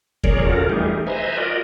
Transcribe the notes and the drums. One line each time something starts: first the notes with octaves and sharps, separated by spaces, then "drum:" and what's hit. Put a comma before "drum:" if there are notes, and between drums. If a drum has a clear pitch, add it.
A#2 G#4 A#4 C#5 D5, drum: kick E2
C#4 F4 F#4 A4 A#4
E3 G3 A3 D#4 G4 G#4
B4 C5 D#5 E5 G#5 A#5
F4 F#4 A#4 D5 D#5